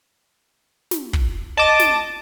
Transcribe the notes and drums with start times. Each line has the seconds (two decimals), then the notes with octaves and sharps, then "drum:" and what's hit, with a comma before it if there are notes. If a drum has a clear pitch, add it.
0.91 drum: snare
1.13 drum: kick
1.57 D#5 A5 D6
1.80 drum: snare